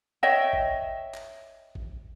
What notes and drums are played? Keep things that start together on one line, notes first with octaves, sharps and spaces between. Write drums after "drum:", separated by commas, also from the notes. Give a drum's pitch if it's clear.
C#5 D#5 E5 G5
drum: kick G#1
drum: clap
drum: kick G#1